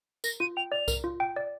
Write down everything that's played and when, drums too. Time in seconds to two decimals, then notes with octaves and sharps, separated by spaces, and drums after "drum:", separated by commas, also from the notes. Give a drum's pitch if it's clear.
0.24 A#4 A#6, drum: tambourine
0.40 F4 D#7
0.57 G5 F7
0.72 D5 F7
0.88 A#4, drum: kick C2, tambourine
1.04 F4
1.20 G5
1.36 D5